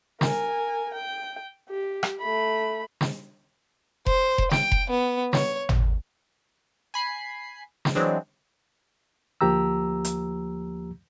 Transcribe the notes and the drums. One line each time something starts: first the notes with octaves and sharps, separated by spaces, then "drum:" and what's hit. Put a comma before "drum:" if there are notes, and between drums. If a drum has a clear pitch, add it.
A#4 G#5, drum: snare
G5
G4
drum: rim click
A3 B5
drum: snare
C5, drum: kick F1
drum: kick F1
G5, drum: snare
drum: kick F1
B3
C#5, drum: snare
drum: tom G#1
G#5 B5 C7
drum: snare
E3 F#3 G#3 C4 D4
D2 F3 A#3 G4 A#5 E6
drum: hi-hat